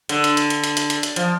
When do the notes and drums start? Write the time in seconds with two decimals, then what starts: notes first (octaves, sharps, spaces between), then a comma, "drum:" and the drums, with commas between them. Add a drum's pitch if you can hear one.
0.09 D3, drum: hi-hat
0.24 drum: hi-hat
0.37 drum: hi-hat
0.50 drum: hi-hat
0.64 drum: hi-hat
0.77 drum: hi-hat
0.90 drum: hi-hat
1.03 drum: hi-hat
1.16 F3, drum: hi-hat